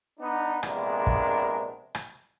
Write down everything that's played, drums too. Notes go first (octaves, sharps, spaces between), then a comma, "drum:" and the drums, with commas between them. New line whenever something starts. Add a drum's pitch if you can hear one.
B3 D4 D#4
A#1 C3 G#3 B3 D4 A#4, drum: rim click
drum: kick
drum: rim click